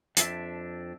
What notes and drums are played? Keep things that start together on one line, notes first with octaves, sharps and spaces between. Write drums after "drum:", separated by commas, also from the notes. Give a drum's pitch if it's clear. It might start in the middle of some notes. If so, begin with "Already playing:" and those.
F2 D4 G#4 E5, drum: hi-hat